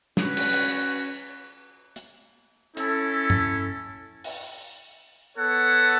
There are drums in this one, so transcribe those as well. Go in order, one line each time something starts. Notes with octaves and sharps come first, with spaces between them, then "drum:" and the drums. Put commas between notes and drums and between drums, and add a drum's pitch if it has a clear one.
C#4 F#4 B4, drum: snare
drum: cymbal
drum: cymbal
drum: hi-hat
C#4 E4 A4, drum: hi-hat
drum: tom G2
drum: open hi-hat
B3 A4 C#5 F#5